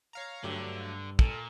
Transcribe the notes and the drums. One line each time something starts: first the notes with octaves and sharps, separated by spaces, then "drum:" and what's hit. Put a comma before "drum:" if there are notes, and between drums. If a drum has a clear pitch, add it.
C#5 F5 A#5
G2 D3 F#3 A3 G4
A#2 A4, drum: kick